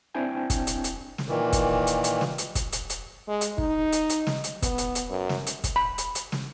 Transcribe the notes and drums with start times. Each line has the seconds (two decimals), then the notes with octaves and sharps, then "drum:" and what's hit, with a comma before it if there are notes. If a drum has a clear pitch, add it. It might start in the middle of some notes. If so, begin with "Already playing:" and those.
0.15 C4 D4 E4 G5 G#5
0.50 drum: kick, hi-hat
0.67 drum: hi-hat
0.84 drum: hi-hat
1.18 drum: snare
1.29 A#2 D#3 E3
1.53 drum: kick, hi-hat
1.87 drum: hi-hat
2.04 drum: hi-hat
2.21 drum: snare
2.38 drum: hi-hat
2.55 drum: kick, hi-hat
2.72 drum: hi-hat
2.90 drum: hi-hat
3.28 G#3
3.41 drum: hi-hat
3.58 D#4, drum: kick
3.92 drum: hi-hat
4.09 drum: hi-hat
4.27 drum: snare
4.44 drum: hi-hat
4.62 B3, drum: kick, hi-hat
4.78 drum: hi-hat
4.95 drum: hi-hat
5.10 F#2
5.29 drum: snare
5.47 drum: hi-hat
5.64 drum: kick, hi-hat
5.76 B5
5.98 drum: hi-hat
6.15 drum: hi-hat
6.32 drum: snare